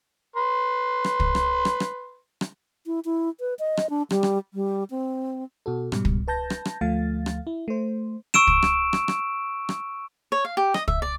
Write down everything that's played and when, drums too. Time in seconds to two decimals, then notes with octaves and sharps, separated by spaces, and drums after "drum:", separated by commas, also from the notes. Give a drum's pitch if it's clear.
0.36 B4 C6
1.04 drum: rim click
1.20 drum: kick
1.35 drum: rim click
1.65 drum: rim click
1.80 drum: rim click
2.41 drum: rim click
2.86 E4
3.05 E4
3.40 B4
3.59 D#5
3.77 drum: rim click
3.90 D4
4.10 G3, drum: rim click
4.23 drum: rim click
4.54 G3
4.90 C4
5.66 B2 F#4 A4
5.92 G#2 B2 G3, drum: rim click
6.05 drum: kick
6.28 B4 A5 G6 A#6
6.50 drum: rim click
6.65 drum: rim click
6.81 D2 F3 A3 F5 A6
7.26 drum: rim click
7.47 E4
7.68 A3 C5
8.34 C#6 E6 D7 E7, drum: rim click
8.47 drum: kick
8.63 drum: rim click
8.93 drum: rim click
9.08 drum: rim click
9.69 drum: rim click
10.32 C#5
10.45 F5
10.57 G4
10.74 D#5, drum: rim click
10.88 E5, drum: kick
11.02 D5